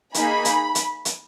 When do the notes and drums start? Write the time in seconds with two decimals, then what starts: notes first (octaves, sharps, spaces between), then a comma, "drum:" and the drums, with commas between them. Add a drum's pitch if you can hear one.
0.14 A#3 D#4 G#4 B5, drum: hi-hat
0.45 drum: hi-hat
0.75 drum: hi-hat
1.05 drum: hi-hat